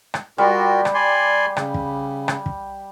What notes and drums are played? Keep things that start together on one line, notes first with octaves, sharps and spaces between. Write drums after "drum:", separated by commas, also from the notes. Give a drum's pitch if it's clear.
drum: rim click
G3 F4 F#4 A#4
drum: rim click
D5 G#5 C6
C#3, drum: rim click
drum: kick
drum: rim click
drum: kick